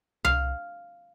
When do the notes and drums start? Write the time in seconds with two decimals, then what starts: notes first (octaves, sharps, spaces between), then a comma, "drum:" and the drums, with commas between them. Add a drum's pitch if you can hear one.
0.25 F5, drum: tom C2